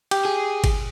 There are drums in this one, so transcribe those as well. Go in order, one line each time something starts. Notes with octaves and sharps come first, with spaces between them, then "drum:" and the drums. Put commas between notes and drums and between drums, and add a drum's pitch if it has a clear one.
G4, drum: cymbal
G#4
drum: kick F#1, cymbal